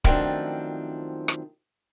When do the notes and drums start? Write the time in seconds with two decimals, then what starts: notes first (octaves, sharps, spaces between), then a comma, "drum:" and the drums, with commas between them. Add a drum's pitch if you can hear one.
0.04 F#2 D#3 F3 A3 C4 D4, drum: kick D1
1.28 drum: rim click